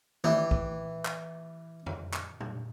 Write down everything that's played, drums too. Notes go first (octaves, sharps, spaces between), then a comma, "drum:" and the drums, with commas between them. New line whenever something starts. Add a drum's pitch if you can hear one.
E3 G4, drum: tom D#3
drum: kick A#1
drum: clap
drum: tom F2
drum: clap
drum: tom A#2